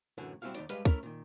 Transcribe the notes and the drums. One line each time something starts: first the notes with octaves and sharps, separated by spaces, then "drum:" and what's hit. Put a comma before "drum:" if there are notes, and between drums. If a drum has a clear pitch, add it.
F#2 A2 D3 E3 F#4
G3 C4 D4 E4 F#4 F5
D#2 D#3 D#4 D5, drum: hi-hat
G3 G#3 G4 B4 D#5 F5, drum: hi-hat
A3 C#4 E4 A#4, drum: kick, hi-hat
A#2 D#3